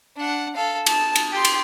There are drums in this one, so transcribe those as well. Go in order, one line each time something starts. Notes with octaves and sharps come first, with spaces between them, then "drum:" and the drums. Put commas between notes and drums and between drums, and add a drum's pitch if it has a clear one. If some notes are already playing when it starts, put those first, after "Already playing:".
D4 F#5
A4 F5
A5, drum: cymbal
drum: cymbal
G4 C6
drum: cymbal